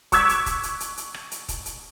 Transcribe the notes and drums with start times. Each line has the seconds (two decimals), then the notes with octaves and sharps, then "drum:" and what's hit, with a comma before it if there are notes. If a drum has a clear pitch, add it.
0.12 C#6 D6 E6 F#6 G#6 B6, drum: kick D#1, hi-hat
0.29 drum: hi-hat
0.46 drum: kick D#1, hi-hat
0.63 drum: hi-hat
0.80 drum: hi-hat
0.97 drum: hi-hat
1.14 drum: rim click
1.31 drum: hi-hat
1.49 drum: kick D#1, hi-hat
1.66 drum: hi-hat